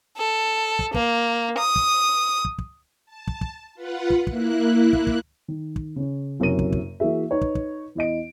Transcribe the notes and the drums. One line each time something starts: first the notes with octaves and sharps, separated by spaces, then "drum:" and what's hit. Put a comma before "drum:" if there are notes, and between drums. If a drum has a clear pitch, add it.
A4
drum: kick
A#3, drum: kick
D#6
drum: kick
drum: kick
drum: kick
A5
drum: kick
drum: kick
F4 B4 F#5
drum: kick
A#3 E4 F#6, drum: kick
drum: kick
drum: kick
D#3
drum: kick
C#3 C#4
F#1 F#2 C3 A#4 D#7
drum: kick
drum: kick
E3 A#3 F#4 G#4 E5
D#4 B4 C#5
drum: kick
drum: kick
E2 E4 D#5 D7